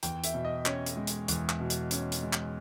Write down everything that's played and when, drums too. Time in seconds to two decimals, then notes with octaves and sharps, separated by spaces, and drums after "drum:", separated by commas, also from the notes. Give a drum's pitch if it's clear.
0.03 E2 G5, drum: hi-hat
0.24 E5, drum: hi-hat
0.34 B2
0.45 D#5
0.66 C#4 C#5, drum: clap
0.86 drum: hi-hat
0.96 G#3
1.07 drum: hi-hat
1.28 E2, drum: hi-hat
1.49 drum: clap
1.60 B2
1.70 drum: hi-hat
1.91 C#4, drum: hi-hat
2.12 drum: hi-hat
2.23 G#3
2.33 drum: clap